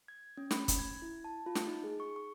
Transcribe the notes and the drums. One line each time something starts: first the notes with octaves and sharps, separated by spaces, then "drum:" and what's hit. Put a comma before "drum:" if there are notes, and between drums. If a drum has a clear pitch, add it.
G#6
C#4
B5, drum: snare
drum: kick, hi-hat
G#6
E4
A5
F4
drum: snare
D#4
G#4
C#6
C#6